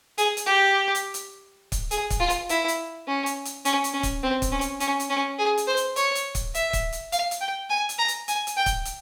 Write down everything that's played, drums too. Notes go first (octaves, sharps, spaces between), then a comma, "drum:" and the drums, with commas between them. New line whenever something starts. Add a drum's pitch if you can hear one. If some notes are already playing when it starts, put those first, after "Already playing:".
G#4, drum: hi-hat
drum: hi-hat
G4
drum: hi-hat
drum: hi-hat
drum: kick C#1, hi-hat
G#4, drum: hi-hat
drum: kick C#1, hi-hat
F4
drum: hi-hat
E4, drum: hi-hat
drum: hi-hat
C#4
drum: hi-hat
drum: hi-hat
C#4, drum: hi-hat
drum: hi-hat
C#4
drum: kick C#1, hi-hat
C4
drum: kick C#1, hi-hat
C#4
drum: hi-hat
C#4, drum: hi-hat
drum: hi-hat
C#4
G#4
drum: hi-hat
C5
drum: hi-hat
C#5, drum: hi-hat
drum: hi-hat
drum: kick C#1, hi-hat
E5, drum: hi-hat
drum: kick C#1, hi-hat
drum: hi-hat
F5, drum: hi-hat
drum: hi-hat
G5
G#5
drum: hi-hat
A#5
drum: hi-hat
G#5, drum: hi-hat
drum: hi-hat
G5
drum: kick C#1, hi-hat
drum: hi-hat